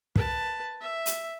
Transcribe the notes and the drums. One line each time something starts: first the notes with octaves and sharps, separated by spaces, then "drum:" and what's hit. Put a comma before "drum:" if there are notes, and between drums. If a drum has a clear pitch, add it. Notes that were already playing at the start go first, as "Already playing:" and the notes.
B4 A5, drum: kick
E5
drum: hi-hat